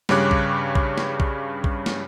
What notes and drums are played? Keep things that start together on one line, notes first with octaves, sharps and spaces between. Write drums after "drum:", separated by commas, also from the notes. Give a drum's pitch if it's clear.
G2 C#3 G3 C#5 D6 F#6, drum: snare
drum: kick A#1
drum: kick A#1
drum: snare
drum: kick A#1
drum: kick A#1
drum: snare